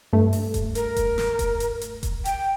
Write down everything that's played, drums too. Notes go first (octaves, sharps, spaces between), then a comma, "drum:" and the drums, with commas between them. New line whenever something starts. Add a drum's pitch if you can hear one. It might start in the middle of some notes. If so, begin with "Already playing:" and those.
G2 A3
drum: open hi-hat
drum: kick E1, hi-hat
A#4, drum: hi-hat
drum: kick E1, hi-hat
drum: snare
drum: kick E1, hi-hat
drum: hi-hat
drum: hi-hat
drum: kick E1, hi-hat
G5, drum: hi-hat